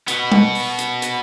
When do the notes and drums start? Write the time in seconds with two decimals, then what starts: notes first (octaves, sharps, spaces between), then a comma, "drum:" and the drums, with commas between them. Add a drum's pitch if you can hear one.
0.08 B2 B3, drum: hi-hat
0.32 drum: tom G3
0.55 drum: open hi-hat
0.79 drum: hi-hat
1.02 drum: hi-hat